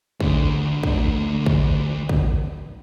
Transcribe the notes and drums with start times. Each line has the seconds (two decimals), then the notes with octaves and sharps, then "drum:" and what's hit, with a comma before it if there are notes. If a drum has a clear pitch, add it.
0.20 D2 D3, drum: kick
0.83 drum: kick
1.46 drum: kick
2.09 drum: kick